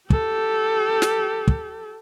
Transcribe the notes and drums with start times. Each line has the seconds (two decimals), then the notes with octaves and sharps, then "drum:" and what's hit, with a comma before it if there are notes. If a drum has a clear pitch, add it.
0.10 G4 A4, drum: kick
1.02 drum: snare
1.48 drum: kick